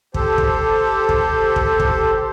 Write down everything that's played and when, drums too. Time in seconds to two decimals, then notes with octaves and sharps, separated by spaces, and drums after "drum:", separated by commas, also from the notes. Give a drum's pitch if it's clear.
0.14 G4 A4 C5, drum: kick
0.38 drum: kick
1.09 drum: kick
1.56 drum: kick
1.80 drum: kick